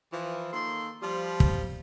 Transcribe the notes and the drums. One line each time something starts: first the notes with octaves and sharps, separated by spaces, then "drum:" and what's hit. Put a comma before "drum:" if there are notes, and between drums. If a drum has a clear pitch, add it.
E3 F3
D#3 A#3 A4 C6
F3 G3
drum: kick